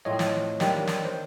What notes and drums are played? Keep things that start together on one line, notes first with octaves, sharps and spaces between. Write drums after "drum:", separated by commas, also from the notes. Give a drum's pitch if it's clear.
A2 F3 A3 C4 C#5 D#5
drum: snare
D#3 G3 A#3 D4, drum: snare
drum: snare
C5